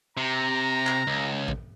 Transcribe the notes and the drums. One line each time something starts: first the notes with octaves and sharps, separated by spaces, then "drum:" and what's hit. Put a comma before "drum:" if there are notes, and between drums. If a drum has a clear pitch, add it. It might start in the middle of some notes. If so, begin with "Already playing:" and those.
C3 A#5
drum: clap
C#2
drum: kick